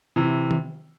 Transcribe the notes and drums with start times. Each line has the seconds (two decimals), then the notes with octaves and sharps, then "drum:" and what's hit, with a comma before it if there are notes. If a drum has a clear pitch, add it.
0.16 C3 E3
0.51 drum: tom D#3